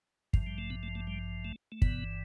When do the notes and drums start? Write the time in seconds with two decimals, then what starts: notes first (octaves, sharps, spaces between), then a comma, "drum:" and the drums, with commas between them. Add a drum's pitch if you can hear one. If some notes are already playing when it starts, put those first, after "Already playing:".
0.33 A1 G2 F3, drum: kick
0.47 G3
0.58 A3
0.70 B2 B3
0.83 A3
0.95 A3
1.07 G3
1.45 A3
1.72 A3
1.82 G1 G2 B2 E3 B3, drum: kick